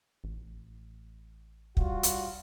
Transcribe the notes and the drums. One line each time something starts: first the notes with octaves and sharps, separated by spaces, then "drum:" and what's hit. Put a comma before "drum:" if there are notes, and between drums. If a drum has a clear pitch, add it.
A1
G3 F4 F#4, drum: kick
drum: hi-hat